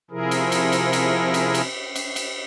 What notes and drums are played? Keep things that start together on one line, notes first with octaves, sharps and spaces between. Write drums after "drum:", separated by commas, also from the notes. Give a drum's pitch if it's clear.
C3 F3 E4 G#4 A#4
drum: cymbal
drum: cymbal
drum: cymbal
drum: cymbal
drum: cymbal
drum: cymbal
drum: cymbal
drum: cymbal